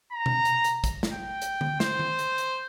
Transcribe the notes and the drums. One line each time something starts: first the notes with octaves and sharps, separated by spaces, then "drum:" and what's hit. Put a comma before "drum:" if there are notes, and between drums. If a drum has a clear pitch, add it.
A#5
drum: tom B2
drum: hi-hat
drum: hi-hat
drum: kick, hi-hat
drum: snare
G5
drum: hi-hat
drum: tom D3
C5, drum: snare
drum: tom D#3
drum: hi-hat
drum: hi-hat